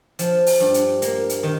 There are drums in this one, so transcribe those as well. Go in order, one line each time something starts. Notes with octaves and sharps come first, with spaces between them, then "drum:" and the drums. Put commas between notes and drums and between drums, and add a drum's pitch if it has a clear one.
F3, drum: hi-hat
drum: open hi-hat
G2
drum: hi-hat
A#3, drum: hi-hat
drum: hi-hat
D#3